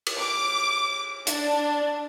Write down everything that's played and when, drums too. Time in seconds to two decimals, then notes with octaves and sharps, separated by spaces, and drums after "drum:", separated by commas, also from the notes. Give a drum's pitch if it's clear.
0.07 drum: cymbal
0.20 D6
1.27 D4, drum: hi-hat